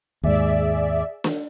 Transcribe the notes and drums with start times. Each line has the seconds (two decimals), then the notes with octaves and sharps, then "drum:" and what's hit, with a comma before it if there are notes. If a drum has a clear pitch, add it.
0.23 D#2 G#2 G#4 D5 E5
1.24 drum: snare